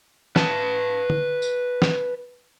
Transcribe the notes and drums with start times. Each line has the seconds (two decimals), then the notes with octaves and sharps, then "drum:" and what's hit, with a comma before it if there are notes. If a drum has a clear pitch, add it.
0.36 B4 A5, drum: snare
1.10 drum: tom
1.42 drum: tambourine
1.82 drum: snare